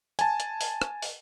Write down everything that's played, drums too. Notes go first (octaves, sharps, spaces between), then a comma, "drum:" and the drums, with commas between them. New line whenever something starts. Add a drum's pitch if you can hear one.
G#5 A5, drum: hi-hat
drum: hi-hat
drum: open hi-hat
drum: rim click
drum: open hi-hat